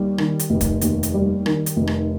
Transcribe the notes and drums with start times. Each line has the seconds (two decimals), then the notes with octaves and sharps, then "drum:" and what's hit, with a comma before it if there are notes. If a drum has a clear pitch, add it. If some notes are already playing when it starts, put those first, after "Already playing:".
Already playing: D#2 G3
0.18 D#3, drum: rim click
0.39 drum: hi-hat
0.50 F1
0.61 drum: kick, hi-hat
0.81 D#2, drum: hi-hat
1.03 drum: hi-hat
1.14 G3
1.46 D#3, drum: rim click
1.66 drum: hi-hat
1.76 F1
1.87 drum: rim click